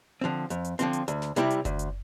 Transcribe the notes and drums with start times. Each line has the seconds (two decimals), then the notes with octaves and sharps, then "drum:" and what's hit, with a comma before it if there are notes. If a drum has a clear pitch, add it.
0.21 D3 F3 C4
0.50 F2, drum: hi-hat
0.64 drum: hi-hat
0.79 D3 F3 C4, drum: hi-hat
0.93 drum: hi-hat
1.08 D2, drum: hi-hat
1.22 drum: snare
1.36 C3 G3 C4 E4, drum: hi-hat
1.50 drum: hi-hat
1.65 D2, drum: kick F#1, hi-hat
1.79 drum: hi-hat